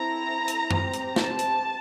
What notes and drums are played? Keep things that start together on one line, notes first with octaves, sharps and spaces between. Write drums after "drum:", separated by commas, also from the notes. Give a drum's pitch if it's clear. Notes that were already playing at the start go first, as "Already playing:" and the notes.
Already playing: C4 E4 A4 A#5
drum: hi-hat
C4 G4, drum: tom F#2
drum: hi-hat
A5, drum: snare
drum: hi-hat